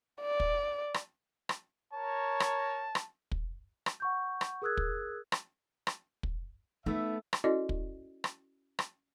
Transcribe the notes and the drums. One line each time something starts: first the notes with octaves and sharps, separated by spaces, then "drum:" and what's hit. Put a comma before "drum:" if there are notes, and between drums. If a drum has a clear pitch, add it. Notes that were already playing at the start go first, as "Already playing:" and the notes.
D5
drum: kick
drum: rim click
drum: rim click
A#4 C#5 A5
drum: rim click
drum: rim click
drum: kick
drum: rim click
F#5 C#6 G6
drum: rim click
G#4 A#4 D#6 E6 F#6 G#6
drum: kick
drum: rim click
drum: rim click
drum: kick
A3 B3 D#4 E5
drum: rim click
C#4 E4 F#4 A4 D5 D#5
drum: kick
drum: rim click
drum: rim click